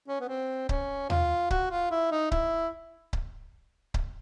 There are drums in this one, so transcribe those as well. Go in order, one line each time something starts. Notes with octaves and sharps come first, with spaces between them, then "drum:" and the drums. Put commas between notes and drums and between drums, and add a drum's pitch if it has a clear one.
C#4
B3
C4
C#4, drum: kick C#1
F4, drum: tom D#2
F#4, drum: kick C#1
F4
E4
D#4
E4, drum: kick C#1
drum: kick C#1
drum: kick C#1